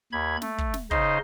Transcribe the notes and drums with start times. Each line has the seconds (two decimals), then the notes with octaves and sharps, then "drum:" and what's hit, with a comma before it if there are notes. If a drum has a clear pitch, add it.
0.12 D#2 B5 G#6
0.42 A3, drum: snare
0.58 drum: kick
0.74 drum: snare
0.91 C#3 D#4 C5 D#5 C6, drum: kick